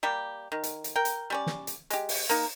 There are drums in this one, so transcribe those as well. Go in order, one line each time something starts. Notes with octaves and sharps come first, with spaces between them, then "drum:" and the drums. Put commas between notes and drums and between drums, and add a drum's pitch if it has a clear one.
G3 A#3 G4
D#3
drum: hi-hat
drum: hi-hat
A#4 G5
drum: hi-hat
G3 C#4 D5
drum: snare
drum: hi-hat
G#3 G4, drum: hi-hat
drum: open hi-hat
A#3 D#4, drum: hi-hat